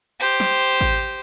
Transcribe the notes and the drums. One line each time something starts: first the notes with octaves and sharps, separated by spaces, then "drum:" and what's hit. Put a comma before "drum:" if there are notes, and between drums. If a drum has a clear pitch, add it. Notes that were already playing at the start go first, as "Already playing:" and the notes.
G4 C5
drum: snare
drum: kick A1